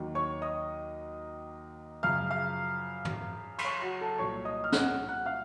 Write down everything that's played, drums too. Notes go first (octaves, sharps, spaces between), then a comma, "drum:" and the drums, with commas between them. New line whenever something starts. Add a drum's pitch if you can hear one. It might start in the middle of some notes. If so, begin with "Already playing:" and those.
Already playing: D#2 D#3 F#3
C#5 C#6
D#5 D#6
F#2 C#3 F3 F5 F6
F5 F6
drum: tom
C6, drum: cymbal
C#5 C#6
F#4 F#5
A4 A5
C2 A#2 F#3 C#5 C#6
D#5 D#6
F6
F#5 F#6, drum: snare
F#5 F#6
F5 F6